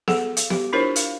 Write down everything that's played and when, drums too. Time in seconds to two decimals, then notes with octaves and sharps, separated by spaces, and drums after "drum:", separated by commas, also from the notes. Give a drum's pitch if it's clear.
0.08 G#4 A4 F#5, drum: snare B3
0.37 F5, drum: hi-hat
0.50 G4, drum: snare B3
0.73 D4 E4 F4 A#4 C5 C#5
0.96 A#4 F5, drum: hi-hat